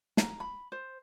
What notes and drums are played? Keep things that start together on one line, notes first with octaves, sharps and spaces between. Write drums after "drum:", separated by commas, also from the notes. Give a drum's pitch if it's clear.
A#5, drum: snare
B5
C5